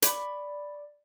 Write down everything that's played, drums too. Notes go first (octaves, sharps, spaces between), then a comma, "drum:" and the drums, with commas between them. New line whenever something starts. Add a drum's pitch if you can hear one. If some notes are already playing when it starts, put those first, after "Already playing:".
D5 B5 C#6 D6, drum: hi-hat